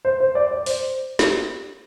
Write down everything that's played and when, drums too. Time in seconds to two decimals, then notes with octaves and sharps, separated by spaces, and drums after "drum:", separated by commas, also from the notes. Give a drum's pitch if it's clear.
0.05 C5
0.20 C5
0.35 D5
0.51 D5
0.66 C5, drum: open hi-hat
1.19 G4, drum: snare